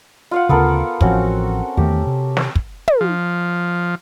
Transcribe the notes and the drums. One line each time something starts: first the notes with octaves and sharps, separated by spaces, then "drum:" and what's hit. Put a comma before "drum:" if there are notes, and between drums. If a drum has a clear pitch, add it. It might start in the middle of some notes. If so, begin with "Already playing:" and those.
F4 F5 F#5
D2 C#3 B3 A4 A#4
A1 F3 C4 C#4 F#4, drum: kick
E2 D#3 A3 G4
C3
drum: snare
drum: kick
drum: tom
F3